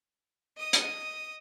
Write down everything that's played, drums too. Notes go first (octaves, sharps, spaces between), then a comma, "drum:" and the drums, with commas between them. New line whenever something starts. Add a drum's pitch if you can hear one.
D#5 D#6
drum: hi-hat